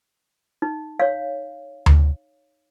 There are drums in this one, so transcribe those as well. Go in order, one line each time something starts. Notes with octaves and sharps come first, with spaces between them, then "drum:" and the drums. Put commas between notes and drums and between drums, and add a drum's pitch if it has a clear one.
D#4
C#5 F5
drum: tom D2